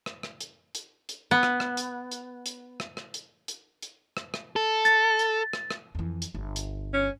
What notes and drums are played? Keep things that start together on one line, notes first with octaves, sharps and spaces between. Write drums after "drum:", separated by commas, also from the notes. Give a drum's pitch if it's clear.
drum: rim click
drum: rim click
drum: hi-hat
drum: hi-hat
drum: hi-hat
B3
drum: rim click
drum: rim click
drum: hi-hat
drum: hi-hat
drum: hi-hat
drum: rim click
drum: rim click
drum: hi-hat
drum: hi-hat
drum: hi-hat
drum: rim click
drum: rim click
A4
A6, drum: hi-hat
drum: hi-hat
drum: rim click
drum: rim click
F2 E3
drum: hi-hat
G1
drum: hi-hat
C#4